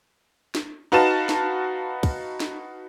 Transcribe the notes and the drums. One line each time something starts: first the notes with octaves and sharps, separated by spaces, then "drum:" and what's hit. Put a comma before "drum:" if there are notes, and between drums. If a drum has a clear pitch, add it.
drum: snare
D#4 F#4 B4 F5 A5 E7
drum: snare
drum: kick, cymbal
drum: snare